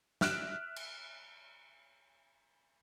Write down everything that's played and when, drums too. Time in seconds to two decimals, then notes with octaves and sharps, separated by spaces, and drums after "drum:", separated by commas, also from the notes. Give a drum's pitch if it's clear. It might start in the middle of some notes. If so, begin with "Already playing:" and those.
0.21 E5 F6 F#6 D7 E7, drum: snare
0.76 drum: cymbal